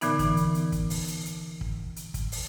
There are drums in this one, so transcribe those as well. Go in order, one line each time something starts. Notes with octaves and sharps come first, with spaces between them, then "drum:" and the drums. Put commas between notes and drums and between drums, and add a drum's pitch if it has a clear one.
A#2 D3 E3 B3 D#4, drum: hi-hat
drum: kick, hi-hat
drum: hi-hat
drum: hi-hat
drum: kick, hi-hat
drum: open hi-hat
drum: hi-hat
drum: hi-hat
drum: kick
drum: hi-hat
drum: kick, hi-hat
drum: open hi-hat